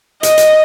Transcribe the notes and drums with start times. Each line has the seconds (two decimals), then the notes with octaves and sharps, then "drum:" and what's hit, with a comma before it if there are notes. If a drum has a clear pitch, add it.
0.23 D#5, drum: hi-hat
0.38 drum: hi-hat